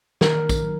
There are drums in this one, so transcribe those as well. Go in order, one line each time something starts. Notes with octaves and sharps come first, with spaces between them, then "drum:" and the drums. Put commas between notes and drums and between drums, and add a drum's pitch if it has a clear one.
D#3 A#4, drum: snare
drum: kick, tambourine
F#3